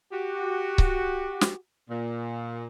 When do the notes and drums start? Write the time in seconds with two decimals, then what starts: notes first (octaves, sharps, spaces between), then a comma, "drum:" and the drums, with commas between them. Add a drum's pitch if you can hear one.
0.12 F#4 G4
0.78 drum: kick C#1
1.41 drum: snare
1.89 A#2